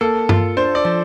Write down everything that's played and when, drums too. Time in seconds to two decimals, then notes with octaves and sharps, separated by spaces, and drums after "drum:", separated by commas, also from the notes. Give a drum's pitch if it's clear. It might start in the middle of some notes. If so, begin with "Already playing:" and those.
0.01 A#3 A4
0.29 F4, drum: tom G2
0.57 D4 C5
0.75 D5
0.85 F3